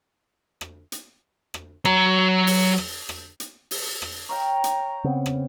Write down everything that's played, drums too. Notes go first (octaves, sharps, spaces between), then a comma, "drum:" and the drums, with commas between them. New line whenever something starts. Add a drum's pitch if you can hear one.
drum: rim click
drum: hi-hat
drum: rim click
F#3 A#5, drum: rim click
drum: open hi-hat
drum: rim click
drum: rim click
drum: hi-hat
drum: open hi-hat
drum: rim click
C#5 F5 G5 A#5
drum: hi-hat
C#3 B3 C4
drum: rim click